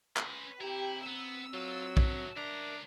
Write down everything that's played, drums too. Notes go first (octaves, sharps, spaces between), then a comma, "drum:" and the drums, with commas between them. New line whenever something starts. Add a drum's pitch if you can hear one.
C#4 B4 C6, drum: clap
C4 E4 G4 A#5
B3 E6
F#3 F4
D4 E5, drum: kick
C#2 D4 A#4 E5 A#5